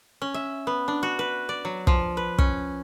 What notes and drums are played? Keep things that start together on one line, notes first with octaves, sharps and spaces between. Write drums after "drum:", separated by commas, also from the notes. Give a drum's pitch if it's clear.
C#4
E5
B3
D4
F#4
B4
D5
F#3
F3, drum: kick
B4
C#4, drum: kick